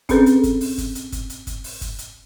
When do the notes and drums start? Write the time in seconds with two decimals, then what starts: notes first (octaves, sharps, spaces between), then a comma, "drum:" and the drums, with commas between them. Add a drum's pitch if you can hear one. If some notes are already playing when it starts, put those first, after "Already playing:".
0.09 C4 C#4 G#4 A4 B4, drum: kick F#1, hi-hat
0.26 drum: hi-hat
0.43 drum: kick F#1, hi-hat
0.61 drum: open hi-hat
0.78 drum: kick F#1, hi-hat
0.95 drum: hi-hat
1.12 drum: kick F#1, hi-hat
1.30 drum: hi-hat
1.47 drum: kick F#1, hi-hat
1.64 drum: open hi-hat
1.81 drum: kick F#1, hi-hat
1.98 drum: hi-hat